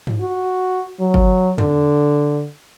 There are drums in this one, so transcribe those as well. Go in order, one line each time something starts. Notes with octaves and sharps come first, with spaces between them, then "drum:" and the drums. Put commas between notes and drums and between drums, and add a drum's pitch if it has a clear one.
drum: tom G2
F#4
F#3
drum: kick G1
D3, drum: tom E2